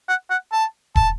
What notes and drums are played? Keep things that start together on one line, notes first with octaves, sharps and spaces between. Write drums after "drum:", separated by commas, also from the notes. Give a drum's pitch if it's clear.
F#5
F#5
A5
A5, drum: kick D#1